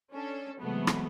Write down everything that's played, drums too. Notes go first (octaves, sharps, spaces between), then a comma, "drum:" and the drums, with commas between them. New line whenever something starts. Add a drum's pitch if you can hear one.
C#4 D4 A4
C3 E3 F#3 G#3 A3 B3
drum: rim click